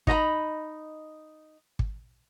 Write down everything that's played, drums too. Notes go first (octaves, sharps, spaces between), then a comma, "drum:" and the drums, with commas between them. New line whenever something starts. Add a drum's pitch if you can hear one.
D#4 D#5 A#5 B5, drum: kick
drum: kick